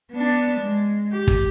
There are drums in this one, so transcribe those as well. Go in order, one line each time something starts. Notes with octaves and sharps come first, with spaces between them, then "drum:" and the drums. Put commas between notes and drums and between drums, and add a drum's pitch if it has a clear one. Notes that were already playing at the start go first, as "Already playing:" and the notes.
B3 D4
G#3
G4
drum: kick